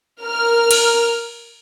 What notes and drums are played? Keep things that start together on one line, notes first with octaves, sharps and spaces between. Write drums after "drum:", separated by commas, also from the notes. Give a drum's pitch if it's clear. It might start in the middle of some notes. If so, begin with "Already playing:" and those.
A#4 F6
drum: cymbal